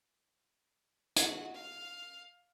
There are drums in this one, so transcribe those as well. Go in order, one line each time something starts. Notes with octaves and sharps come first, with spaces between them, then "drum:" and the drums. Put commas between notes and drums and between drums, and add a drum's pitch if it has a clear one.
F#4 F#5, drum: hi-hat
F5